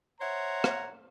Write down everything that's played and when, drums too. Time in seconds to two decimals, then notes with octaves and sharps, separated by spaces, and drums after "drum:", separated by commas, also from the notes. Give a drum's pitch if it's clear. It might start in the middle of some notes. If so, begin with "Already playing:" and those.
0.21 C5 C#5 E5 F#5 A#5
0.64 drum: rim click